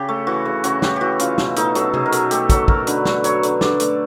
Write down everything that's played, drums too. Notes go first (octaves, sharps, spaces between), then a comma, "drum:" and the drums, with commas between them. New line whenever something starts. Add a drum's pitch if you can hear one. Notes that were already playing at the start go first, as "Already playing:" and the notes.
Already playing: C#3 G4
A3
E3 F#4
C#3
C#3 F#4, drum: hi-hat
A3 G4, drum: snare
E3 F#4 G4
C#3 F4, drum: hi-hat
B2, drum: snare
A3 D#4, drum: hi-hat
F#3 A4, drum: hi-hat
B2 G#4, drum: tom C3
A#4
B2 A4, drum: hi-hat
A3 G4, drum: hi-hat
F#3 A4, drum: kick, hi-hat
B2 A#4, drum: kick
D3 B4, drum: hi-hat
A3, drum: snare
F#3 C#5, drum: hi-hat
D3, drum: hi-hat
D3 D5, drum: snare
A3, drum: hi-hat